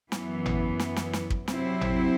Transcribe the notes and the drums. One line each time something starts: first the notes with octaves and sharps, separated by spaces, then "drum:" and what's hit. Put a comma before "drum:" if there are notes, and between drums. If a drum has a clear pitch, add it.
F#2 E3 B3, drum: snare
drum: tom G#1
drum: snare
drum: snare
drum: snare
drum: kick
C3 F#3 C4 E4, drum: snare
drum: tom G#1